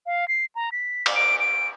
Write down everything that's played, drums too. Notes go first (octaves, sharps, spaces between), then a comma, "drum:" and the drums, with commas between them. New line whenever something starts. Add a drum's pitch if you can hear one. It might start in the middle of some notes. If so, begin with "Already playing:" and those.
F5
C7
A#5
B6
drum: cymbal
D7
D7